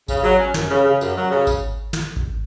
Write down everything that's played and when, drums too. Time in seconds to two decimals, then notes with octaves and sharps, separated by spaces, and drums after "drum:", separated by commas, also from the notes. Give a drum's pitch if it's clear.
0.08 C#3, drum: kick G#1, tambourine
0.23 F#3
0.39 C#4
0.54 F#2, drum: snare
0.70 C#3
0.85 C#3
1.01 F#2, drum: tambourine
1.16 F#3
1.31 C#3
1.47 drum: kick G#1, tambourine
1.93 drum: snare
2.16 drum: kick G#1